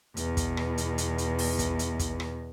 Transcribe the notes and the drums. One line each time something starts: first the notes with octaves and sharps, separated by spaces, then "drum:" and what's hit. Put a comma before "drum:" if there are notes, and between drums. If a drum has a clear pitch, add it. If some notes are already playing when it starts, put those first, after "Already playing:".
E2 B2, drum: hi-hat
drum: kick, hi-hat
drum: rim click
drum: hi-hat
drum: hi-hat
drum: hi-hat
drum: open hi-hat
drum: kick, hi-hat
drum: hi-hat
drum: kick, hi-hat
drum: rim click